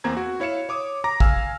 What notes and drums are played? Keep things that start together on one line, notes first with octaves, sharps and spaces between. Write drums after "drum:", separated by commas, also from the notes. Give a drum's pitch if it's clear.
E2 A#3 C4 A#5 G#6
F#4
E4 C#5 F5 C#7 E7
C#5 D6 D#6
A#5 D6 A#6
F5 G#5 E6 F6, drum: kick A1